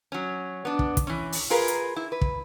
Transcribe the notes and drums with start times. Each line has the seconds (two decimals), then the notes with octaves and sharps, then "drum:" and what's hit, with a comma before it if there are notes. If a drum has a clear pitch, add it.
0.12 F#3 C#4
0.65 B3 D4
0.79 drum: kick
0.97 drum: kick, hi-hat
1.07 E3 C#4
1.32 drum: open hi-hat
1.50 F4 G#4 A#4 B4
1.68 drum: hi-hat
1.96 E4
2.12 B4
2.21 drum: kick